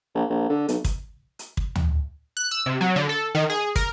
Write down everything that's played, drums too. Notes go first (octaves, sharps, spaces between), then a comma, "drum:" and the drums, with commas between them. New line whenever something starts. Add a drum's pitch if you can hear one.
A#1
A#1
D3
B1, drum: hi-hat
drum: kick, hi-hat
drum: hi-hat
drum: kick
drum: tom
F#6
E6
C3
F#3
D3
A4
D#3
G#4
A#4, drum: kick, hi-hat